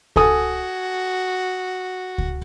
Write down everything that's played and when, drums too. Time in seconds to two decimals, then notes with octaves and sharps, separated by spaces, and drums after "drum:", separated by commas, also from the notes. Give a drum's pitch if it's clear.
0.16 F#4 A4 G#5 D#6, drum: kick C#2
2.18 drum: kick C#2